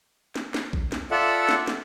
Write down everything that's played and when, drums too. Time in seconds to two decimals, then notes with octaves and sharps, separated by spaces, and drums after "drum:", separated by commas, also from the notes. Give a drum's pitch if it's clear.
0.36 drum: snare
0.54 drum: snare
0.73 drum: kick A#1
0.92 drum: snare
1.11 F4 A4 D5 E5 F#5
1.49 drum: snare
1.67 drum: snare